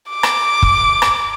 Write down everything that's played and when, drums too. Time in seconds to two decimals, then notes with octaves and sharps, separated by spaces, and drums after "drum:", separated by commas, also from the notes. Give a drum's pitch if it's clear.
0.10 D6
0.23 drum: rim click
0.63 drum: kick
1.02 drum: rim click